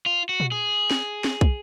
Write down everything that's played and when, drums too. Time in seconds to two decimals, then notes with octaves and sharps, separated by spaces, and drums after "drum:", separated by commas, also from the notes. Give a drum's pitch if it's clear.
0.06 F4
0.29 F#4
0.40 drum: tom A#2
0.52 G#4
0.91 drum: snare
1.24 drum: snare
1.41 drum: kick